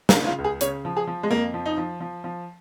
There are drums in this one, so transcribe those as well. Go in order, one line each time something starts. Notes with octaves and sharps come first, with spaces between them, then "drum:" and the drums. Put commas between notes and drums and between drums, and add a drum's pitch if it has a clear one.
A#4, drum: snare
C#3
F4
C#2
G#4
C#3 C#5, drum: hi-hat
F3
G#4
F3
G#3
F2 A#3
F3
D#4
F3
F3
F3